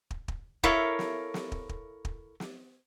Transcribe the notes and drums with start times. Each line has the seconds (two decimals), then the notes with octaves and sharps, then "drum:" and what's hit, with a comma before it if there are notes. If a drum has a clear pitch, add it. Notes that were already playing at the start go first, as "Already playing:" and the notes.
0.11 drum: kick
0.28 drum: kick
0.63 E4 A4 A#4 C#5 E5 F5, drum: kick
0.99 drum: snare
1.34 drum: snare
1.52 drum: kick
1.69 drum: kick
2.05 drum: kick
2.40 drum: snare